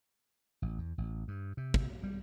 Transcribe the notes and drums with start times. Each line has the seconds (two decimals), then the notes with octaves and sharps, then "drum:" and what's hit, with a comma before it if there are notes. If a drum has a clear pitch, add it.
0.62 A1
0.78 E2
0.98 A1
1.28 G2
1.57 C3
1.74 drum: kick
2.03 G3